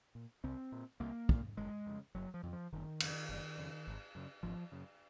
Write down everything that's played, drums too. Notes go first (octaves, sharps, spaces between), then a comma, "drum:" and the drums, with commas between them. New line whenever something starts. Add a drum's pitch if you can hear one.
A#2
C2 C4
A#2
C2 A#3
A#2, drum: kick
F#1 G#3
F2 C#3
F#1 F#3
F3
F2 C#3
F3
F#1 D#3
F2 C#3, drum: cymbal
F#1
F2 C#3
G#1
F#2 C#3
G#1 F3
F#2 C#3